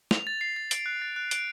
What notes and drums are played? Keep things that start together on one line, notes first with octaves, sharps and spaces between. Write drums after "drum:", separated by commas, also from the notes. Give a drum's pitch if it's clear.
F7, drum: snare
A6
C7
A6
D7, drum: hi-hat
F#6
A6
F#6
D7, drum: hi-hat